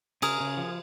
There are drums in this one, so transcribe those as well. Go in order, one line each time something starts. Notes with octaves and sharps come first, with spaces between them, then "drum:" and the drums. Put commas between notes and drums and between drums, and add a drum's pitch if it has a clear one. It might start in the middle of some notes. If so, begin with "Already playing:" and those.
C#3 G#4 A#4, drum: cymbal
C#3
F3